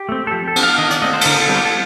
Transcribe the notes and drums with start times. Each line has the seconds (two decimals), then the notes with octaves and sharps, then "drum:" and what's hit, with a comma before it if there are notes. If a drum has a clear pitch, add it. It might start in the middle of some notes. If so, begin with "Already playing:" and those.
Already playing: G4
0.09 A3 C4
0.27 A4
0.31 F3 G4
0.48 A4
0.56 C4, drum: cymbal
0.63 F5
0.78 D#3 D#5
0.90 D5, drum: hi-hat
1.02 A3 C4 D#5
1.13 C5
1.21 A4, drum: cymbal
1.25 D3 A#4
1.41 A4
1.48 G3 C4
1.56 G4
1.65 A4